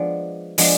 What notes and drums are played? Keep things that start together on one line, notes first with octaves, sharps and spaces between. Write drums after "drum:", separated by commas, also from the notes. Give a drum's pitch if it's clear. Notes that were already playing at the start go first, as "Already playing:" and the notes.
Already playing: F3 G#3 B3 D4
F3 G#3 B3 D4, drum: open hi-hat